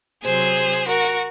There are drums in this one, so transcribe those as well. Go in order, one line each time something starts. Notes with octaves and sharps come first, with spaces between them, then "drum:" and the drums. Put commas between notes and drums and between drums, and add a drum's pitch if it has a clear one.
C3 F#3 G#4 C5, drum: hi-hat
drum: hi-hat
drum: hi-hat
drum: hi-hat
F#4 A#4, drum: hi-hat
drum: hi-hat